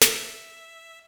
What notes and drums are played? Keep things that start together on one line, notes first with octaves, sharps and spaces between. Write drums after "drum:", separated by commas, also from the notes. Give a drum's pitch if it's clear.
E5, drum: snare